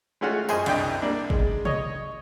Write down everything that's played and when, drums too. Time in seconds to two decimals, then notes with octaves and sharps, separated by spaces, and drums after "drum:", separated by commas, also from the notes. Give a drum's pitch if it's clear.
0.21 G#3 A3 C#4 F4 F#4
0.49 F#2 G#4 C5 D#5 G#5, drum: tambourine
0.66 C2 F#2 D4 D#5 G5, drum: cymbal
1.02 G3 A#3 D4
1.30 G#3, drum: kick
1.65 C#5 D#5, drum: tom